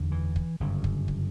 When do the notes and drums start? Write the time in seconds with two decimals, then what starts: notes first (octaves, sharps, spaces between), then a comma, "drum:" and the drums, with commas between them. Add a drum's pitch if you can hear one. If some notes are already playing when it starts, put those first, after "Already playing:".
Already playing: F#1 E2 D3
0.12 E3
0.36 drum: kick
0.60 G1 F#2 C#3
0.84 drum: kick
1.08 drum: kick